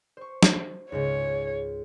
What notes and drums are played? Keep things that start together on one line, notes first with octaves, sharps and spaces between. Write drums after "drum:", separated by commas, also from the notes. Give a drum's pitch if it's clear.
C5 C#6
drum: snare
C#2 G#2 C#3 C#5